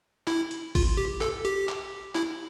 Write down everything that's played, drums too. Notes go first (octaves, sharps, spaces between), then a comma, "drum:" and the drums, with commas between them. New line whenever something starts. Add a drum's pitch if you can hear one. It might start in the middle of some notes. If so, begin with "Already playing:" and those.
E4, drum: clap
drum: hi-hat
F4, drum: kick, open hi-hat
G4
A4, drum: clap
G4, drum: hi-hat
drum: clap
E4, drum: clap